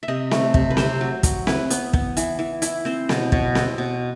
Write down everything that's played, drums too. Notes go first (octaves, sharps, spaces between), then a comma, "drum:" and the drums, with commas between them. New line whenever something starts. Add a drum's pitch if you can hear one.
E5
C3 D#5
A3, drum: snare C4
C3, drum: kick
B4
C3 C5, drum: snare C4
F#3
F#3, drum: kick, hi-hat
E4 B4, drum: snare C4
B3, drum: hi-hat
B3, drum: kick
E3, drum: hi-hat
E3
E4, drum: hi-hat
C4 C5
B2, drum: snare C4
B2, drum: kick
C4, drum: snare C4
B2